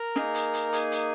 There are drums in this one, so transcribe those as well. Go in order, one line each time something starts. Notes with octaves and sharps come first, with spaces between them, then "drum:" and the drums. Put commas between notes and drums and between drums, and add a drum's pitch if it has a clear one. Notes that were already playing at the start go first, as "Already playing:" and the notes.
Already playing: A#4 A#5
A#3 D#4 G#4, drum: snare
drum: hi-hat
drum: hi-hat
G#4 G#5, drum: hi-hat
drum: hi-hat